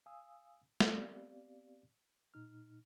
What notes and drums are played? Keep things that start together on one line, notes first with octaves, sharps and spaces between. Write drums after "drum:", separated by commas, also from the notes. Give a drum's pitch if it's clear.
F5 G#5 D#6 E6
drum: snare
B3 C4 G4 D5 F5
A#2 D#4 F6